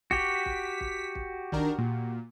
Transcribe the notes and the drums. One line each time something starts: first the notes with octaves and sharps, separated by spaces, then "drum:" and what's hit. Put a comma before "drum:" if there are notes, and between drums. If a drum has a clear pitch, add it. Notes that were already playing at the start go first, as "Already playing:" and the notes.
F#4 G4 B6, drum: kick
drum: kick
drum: kick
drum: kick
D#3 D4 A#4, drum: kick
A#2